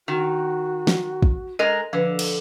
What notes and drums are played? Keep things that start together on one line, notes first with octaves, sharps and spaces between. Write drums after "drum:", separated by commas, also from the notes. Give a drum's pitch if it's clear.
D#3 F#4
drum: snare
drum: kick
G#3 A#4 D#5
D3 F3 B4
drum: cymbal